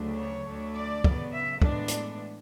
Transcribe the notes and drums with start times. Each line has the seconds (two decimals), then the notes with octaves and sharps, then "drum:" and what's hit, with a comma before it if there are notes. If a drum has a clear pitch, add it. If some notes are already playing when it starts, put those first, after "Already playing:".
Already playing: D2 C#3 F#3 A3 D4
0.17 C#5
0.47 D2 D3 A3 D4
0.75 D5
1.04 C#3 F#3 B3, drum: kick
1.33 E5
1.62 A2 E3 G#3 B3 D4, drum: kick
1.88 drum: hi-hat